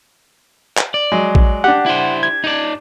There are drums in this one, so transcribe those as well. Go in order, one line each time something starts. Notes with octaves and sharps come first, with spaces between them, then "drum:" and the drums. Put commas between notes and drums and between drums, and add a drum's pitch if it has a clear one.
drum: clap
D5
F#3 G#3
drum: kick
D4 G4 F#5
E4 C5
G#6
D#4 D5